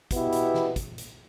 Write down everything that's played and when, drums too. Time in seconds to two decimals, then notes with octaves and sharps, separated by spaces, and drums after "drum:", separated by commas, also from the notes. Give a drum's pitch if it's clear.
0.11 B2 B3 E4 G4, drum: kick, hi-hat
0.32 drum: hi-hat
0.54 drum: snare E3
0.76 drum: kick, hi-hat
0.98 drum: hi-hat